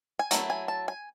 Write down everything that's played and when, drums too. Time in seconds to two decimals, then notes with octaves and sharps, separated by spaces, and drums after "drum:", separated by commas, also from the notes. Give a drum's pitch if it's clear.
0.19 G#5
0.31 F#3 A3 E4, drum: hi-hat
0.50 G#5
0.68 A5
0.88 G#5